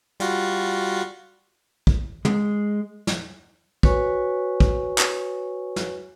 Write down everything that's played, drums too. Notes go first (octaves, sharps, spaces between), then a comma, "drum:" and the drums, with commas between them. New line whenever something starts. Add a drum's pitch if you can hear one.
G3 F4 F#4, drum: hi-hat
drum: kick
G#3, drum: tom
drum: snare
F#4 B4 C#5 G#5 C#6, drum: kick
drum: kick
drum: clap
drum: snare